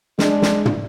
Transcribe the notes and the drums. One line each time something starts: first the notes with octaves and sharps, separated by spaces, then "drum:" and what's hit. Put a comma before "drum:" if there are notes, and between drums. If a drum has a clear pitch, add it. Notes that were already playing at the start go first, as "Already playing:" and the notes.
G#3 D4, drum: snare
drum: snare
drum: tom